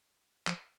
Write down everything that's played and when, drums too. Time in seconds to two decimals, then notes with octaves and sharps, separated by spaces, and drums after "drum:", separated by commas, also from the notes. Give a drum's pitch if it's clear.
0.47 F3, drum: clap